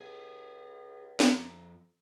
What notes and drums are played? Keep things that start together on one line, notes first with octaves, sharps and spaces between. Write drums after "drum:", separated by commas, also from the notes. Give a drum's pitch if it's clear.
C#2 G4 G#4
F2 A#5, drum: snare